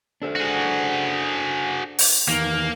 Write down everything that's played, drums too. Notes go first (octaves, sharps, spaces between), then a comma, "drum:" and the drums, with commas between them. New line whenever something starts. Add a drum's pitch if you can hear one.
D4 A4 C5
F#4 G#4
drum: open hi-hat
E2 D#3 A#3